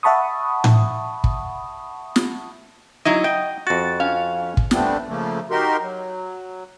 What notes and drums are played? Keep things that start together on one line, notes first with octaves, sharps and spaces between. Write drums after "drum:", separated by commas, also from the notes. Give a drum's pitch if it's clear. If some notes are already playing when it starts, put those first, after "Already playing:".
E5 F#5 A5 B5 C#6 D#6
drum: tom A2
drum: kick
drum: snare
F#3 D#4 E4 D#5
D#5 G5
F2 F#4 A6
C#4 F5
drum: kick
G3 A3 B3 C4 D4, drum: snare
C#3 F3 A3 A#3
D#4 F#4 G4 A#4 C6
F#3